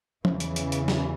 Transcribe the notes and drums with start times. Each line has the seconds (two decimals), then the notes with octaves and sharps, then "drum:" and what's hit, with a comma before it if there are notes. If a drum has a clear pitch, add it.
0.25 E2 C#3 E3, drum: tom F3
0.40 drum: hi-hat
0.56 drum: hi-hat
0.72 drum: hi-hat
0.88 drum: snare